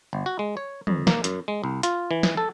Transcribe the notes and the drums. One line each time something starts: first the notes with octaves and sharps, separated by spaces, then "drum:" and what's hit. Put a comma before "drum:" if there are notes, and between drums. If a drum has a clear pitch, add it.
G1
F#4
G#3
C#5
F2, drum: tom
A#3, drum: snare
F#2, drum: hi-hat
G#3
C2
F4, drum: hi-hat
E3
drum: snare
A4